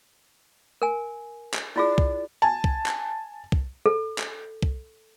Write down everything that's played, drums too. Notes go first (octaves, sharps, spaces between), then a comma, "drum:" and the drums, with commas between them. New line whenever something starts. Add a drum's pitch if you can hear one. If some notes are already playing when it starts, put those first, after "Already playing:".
A#4 G#5
drum: clap
E4 F4 G#4 D5
drum: kick
G#5 A5
drum: kick
drum: clap
drum: kick
A4
drum: clap
drum: kick